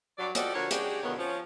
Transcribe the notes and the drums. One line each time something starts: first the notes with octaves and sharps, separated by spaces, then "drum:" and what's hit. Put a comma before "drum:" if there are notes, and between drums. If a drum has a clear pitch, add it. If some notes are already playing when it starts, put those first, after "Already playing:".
G2 F#3 D5
F3 F#4 G4 A4 D5 D#5, drum: hi-hat
D3 F3 F#4 A#4 C#5
C#3 G#3 D4 F#4 G4, drum: hi-hat
F2 B2 D3 D#3 B3 C#5
F3 C#4